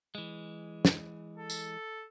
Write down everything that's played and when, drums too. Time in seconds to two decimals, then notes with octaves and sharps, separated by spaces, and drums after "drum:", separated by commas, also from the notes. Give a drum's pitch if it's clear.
0.15 E3 G#3
0.85 drum: snare
1.38 A4
1.50 drum: tambourine